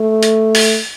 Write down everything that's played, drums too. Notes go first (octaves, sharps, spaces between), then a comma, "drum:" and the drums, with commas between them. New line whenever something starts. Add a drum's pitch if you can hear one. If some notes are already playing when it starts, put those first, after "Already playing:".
Already playing: A3
drum: hi-hat
drum: open hi-hat